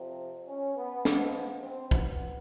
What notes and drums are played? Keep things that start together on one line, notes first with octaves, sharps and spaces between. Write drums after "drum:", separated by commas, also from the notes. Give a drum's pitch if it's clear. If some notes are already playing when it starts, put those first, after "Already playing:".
Already playing: F2 C3 F3
C#4
B3
G#2 F3 B3, drum: snare
C4
B3, drum: kick